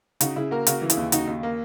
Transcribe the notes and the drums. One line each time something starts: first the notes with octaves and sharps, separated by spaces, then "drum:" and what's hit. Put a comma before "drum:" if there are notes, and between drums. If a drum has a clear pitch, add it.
C#3 D#4 F#4, drum: hi-hat
C#3 E4 G#4
A#3 F#4 A#4
C#3 F#4 A#4, drum: hi-hat
E3
E4 G#4, drum: hi-hat
D#2
C#3 D#4 F#4, drum: hi-hat
D#2
A#3